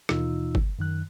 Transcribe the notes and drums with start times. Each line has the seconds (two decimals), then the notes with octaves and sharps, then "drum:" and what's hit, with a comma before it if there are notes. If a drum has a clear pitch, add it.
0.09 D#2 B2 E3 D#4 F4 E6, drum: rim click
0.55 drum: kick
0.79 F#2 D#3 F#6